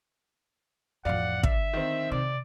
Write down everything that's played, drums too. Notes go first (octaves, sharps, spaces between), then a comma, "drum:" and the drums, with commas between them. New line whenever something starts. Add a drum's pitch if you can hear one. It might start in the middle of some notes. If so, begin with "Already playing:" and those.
A1 F2 D5 F5 F#5
D3 E5, drum: kick
D#3 C4
C3 D5